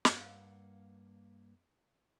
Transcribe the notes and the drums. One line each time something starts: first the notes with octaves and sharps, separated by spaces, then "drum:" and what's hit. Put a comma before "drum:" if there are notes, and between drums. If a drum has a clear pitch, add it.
G2 A#3 F5 F#5, drum: snare